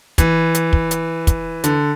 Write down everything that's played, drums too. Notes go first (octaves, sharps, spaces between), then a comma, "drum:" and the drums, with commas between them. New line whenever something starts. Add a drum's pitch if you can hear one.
E3, drum: kick, hi-hat
drum: hi-hat
drum: kick
drum: hi-hat
drum: kick, hi-hat
D3, drum: hi-hat